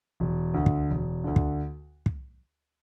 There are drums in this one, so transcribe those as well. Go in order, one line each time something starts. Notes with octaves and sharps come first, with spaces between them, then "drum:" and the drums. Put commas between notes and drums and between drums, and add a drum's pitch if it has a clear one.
E1
D2 D3
drum: kick
E1
D2 D3
drum: kick
drum: kick